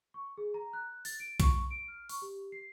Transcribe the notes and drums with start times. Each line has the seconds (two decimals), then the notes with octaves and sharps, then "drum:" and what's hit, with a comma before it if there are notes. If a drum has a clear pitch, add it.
0.14 C#6
0.38 G#4
0.54 A#5
0.73 F#6
1.05 A6, drum: open hi-hat
1.20 D7
1.40 C#6, drum: kick A#1, hi-hat
1.70 D7
1.88 F6
2.09 C#6, drum: open hi-hat
2.22 G4
2.52 C7